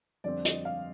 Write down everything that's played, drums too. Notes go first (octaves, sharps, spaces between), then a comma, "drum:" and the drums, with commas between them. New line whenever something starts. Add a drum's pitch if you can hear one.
F2 D3 G3 C4 D5
D#5, drum: hi-hat
F5